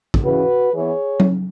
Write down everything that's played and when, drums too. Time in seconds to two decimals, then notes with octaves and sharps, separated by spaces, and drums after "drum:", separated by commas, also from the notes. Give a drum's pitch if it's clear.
0.14 drum: kick
0.24 C#3 E3 C#4 F#4 B4
0.74 E3 B3 G#4 C#5
1.20 drum: tom F#3